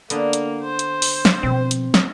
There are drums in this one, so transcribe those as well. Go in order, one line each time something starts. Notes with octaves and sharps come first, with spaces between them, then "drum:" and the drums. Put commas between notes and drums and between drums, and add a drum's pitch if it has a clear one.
D3 A#3 B3, drum: hi-hat
drum: hi-hat
C5
drum: hi-hat
drum: open hi-hat
drum: snare
B2 F3 C4
drum: hi-hat
drum: snare